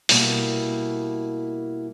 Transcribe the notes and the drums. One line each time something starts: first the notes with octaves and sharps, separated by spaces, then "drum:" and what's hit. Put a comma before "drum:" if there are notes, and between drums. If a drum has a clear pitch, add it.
B2 G3 A#3 E4, drum: open hi-hat